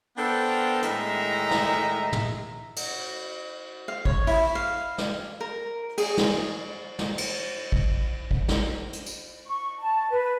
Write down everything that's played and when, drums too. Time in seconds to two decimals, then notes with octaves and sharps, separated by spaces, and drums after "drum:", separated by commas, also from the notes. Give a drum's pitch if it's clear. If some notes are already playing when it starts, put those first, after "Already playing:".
0.16 B3 D4 A4 A#4 C5 G5
0.82 A2 D#3 G#3 E5 A#5, drum: hi-hat
1.51 drum: snare
2.13 drum: tom
2.76 drum: cymbal
3.88 F5
4.05 C#5, drum: kick A1
4.27 E4, drum: open hi-hat
4.55 F5
4.98 drum: snare
5.40 A#4
5.98 G#4, drum: cymbal
6.17 drum: snare
6.99 drum: snare
7.18 drum: cymbal
7.72 drum: kick A1
8.31 drum: kick A1
8.48 drum: snare
8.93 drum: hi-hat
9.06 drum: tambourine
9.48 C#6
9.80 A5
10.10 B4